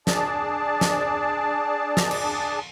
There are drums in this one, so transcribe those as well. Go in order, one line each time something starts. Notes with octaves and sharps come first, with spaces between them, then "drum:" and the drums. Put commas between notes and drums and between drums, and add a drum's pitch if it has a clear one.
D4 G#4 D5 A5, drum: snare
drum: snare
drum: snare
drum: cymbal